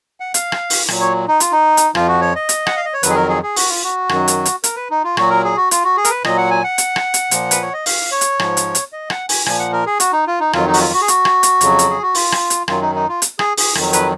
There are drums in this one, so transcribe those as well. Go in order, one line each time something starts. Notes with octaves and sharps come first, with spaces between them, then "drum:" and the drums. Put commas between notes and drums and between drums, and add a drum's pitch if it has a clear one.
F#5
F5, drum: hi-hat
drum: rim click
drum: open hi-hat
A#2 F#3, drum: rim click
C#5
D#4
F4, drum: hi-hat
D#4
drum: hi-hat
F2 F3 F4, drum: rim click
F#4
C#5
D#5
drum: hi-hat
F#5, drum: rim click
F5
D#5
C#5
F2 D#3 F#3 B4, drum: hi-hat
G#4
A#4
G#4
G#4
F#4, drum: open hi-hat
F4
F#4
F#2 D#3 F#3, drum: rim click
drum: hi-hat
drum: hi-hat
A#4, drum: hi-hat
B4
D#4
F4
A#2 F#3 F#4, drum: rim click
A#4
G#4
F#4
F4, drum: hi-hat
F#4
G#4
A#4, drum: hi-hat
B4
A#2 F#3 D#5, drum: rim click
F#5
G#5
F#5
drum: hi-hat
drum: rim click
drum: hi-hat
A#2 F3, drum: hi-hat
B4, drum: hi-hat
C#5
D#5
F5, drum: open hi-hat
C#5
drum: hi-hat
G#2 F3, drum: rim click
drum: hi-hat
drum: hi-hat
D#5
F#5, drum: rim click
G#5, drum: open hi-hat
A#2 F3 G#5, drum: rim click
F#5
A#4
G#4
F#4, drum: hi-hat
D#4
F4
D#4
F2 D#3 F#3 F4, drum: rim click
D#4
F#4, drum: open hi-hat
F4
F#4
G#4
F#4, drum: hi-hat
drum: rim click
drum: hi-hat
F2 C#3 F#3, drum: hi-hat
drum: hi-hat
G#4
F#4
F4, drum: open hi-hat
drum: rim click
drum: hi-hat
F#2 D#3 F#3 F4, drum: rim click
D#4
D#4
F4
drum: hi-hat
G#4, drum: rim click
G#4, drum: open hi-hat
F2 D#3 F#3, drum: rim click
B4, drum: hi-hat